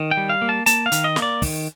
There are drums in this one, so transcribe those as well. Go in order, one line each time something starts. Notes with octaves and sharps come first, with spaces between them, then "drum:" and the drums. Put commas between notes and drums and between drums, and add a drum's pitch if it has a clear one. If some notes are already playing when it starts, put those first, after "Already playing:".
Already playing: D#3
G5
G3
F5
A#3
A5
A#3 A5, drum: hi-hat
F5
D#3, drum: hi-hat
D#5
A#3, drum: snare
D5
D#3, drum: kick, open hi-hat